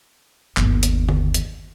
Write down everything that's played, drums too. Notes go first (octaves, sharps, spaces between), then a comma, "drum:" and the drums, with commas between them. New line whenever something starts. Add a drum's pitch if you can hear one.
G1 D#2, drum: clap
drum: hi-hat
drum: tom D3
drum: hi-hat